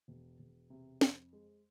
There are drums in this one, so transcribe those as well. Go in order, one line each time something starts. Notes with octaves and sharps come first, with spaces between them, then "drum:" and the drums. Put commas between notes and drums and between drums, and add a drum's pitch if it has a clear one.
E1
E1
C3
F2, drum: snare
G#3